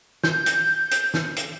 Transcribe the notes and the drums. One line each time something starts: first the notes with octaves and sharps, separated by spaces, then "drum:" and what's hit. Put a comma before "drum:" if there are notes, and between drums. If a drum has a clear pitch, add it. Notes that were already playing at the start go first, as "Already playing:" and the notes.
G6, drum: snare
drum: hi-hat
drum: hi-hat
drum: snare
drum: hi-hat